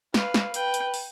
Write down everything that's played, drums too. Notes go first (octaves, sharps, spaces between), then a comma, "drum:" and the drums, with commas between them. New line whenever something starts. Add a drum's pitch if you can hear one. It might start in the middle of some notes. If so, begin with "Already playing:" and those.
B4 F5, drum: snare
drum: snare
B4 G5, drum: hi-hat
drum: hi-hat
drum: open hi-hat